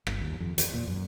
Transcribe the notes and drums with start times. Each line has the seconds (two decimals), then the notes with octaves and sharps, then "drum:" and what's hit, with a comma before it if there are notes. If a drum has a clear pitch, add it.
0.07 G1, drum: rim click
0.21 D#2
0.40 F2
0.58 E2, drum: hi-hat
0.74 A#2
0.87 F#2